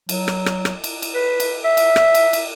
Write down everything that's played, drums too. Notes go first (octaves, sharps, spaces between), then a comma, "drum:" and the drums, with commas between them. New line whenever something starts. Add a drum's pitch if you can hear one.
F#3, drum: cymbal
drum: rim click
drum: rim click
drum: rim click
drum: cymbal
drum: cymbal
B4
drum: cymbal
E5
drum: cymbal
drum: rim click
drum: cymbal
drum: cymbal